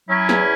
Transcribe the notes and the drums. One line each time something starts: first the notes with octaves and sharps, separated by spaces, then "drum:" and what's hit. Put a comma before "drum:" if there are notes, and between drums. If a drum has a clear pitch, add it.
F#3 C#4 E4
E2, drum: snare